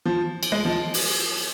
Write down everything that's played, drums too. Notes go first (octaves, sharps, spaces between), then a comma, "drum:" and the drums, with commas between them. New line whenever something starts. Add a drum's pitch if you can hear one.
F3
drum: cymbal
G#3
F3
drum: open hi-hat